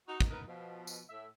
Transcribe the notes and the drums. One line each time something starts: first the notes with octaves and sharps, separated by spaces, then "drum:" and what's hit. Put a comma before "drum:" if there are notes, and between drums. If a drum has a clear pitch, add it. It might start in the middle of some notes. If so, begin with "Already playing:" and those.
D#4 F#4
drum: kick
B3 D#4 A#4 B4
B2 F3
drum: tambourine
A2 E5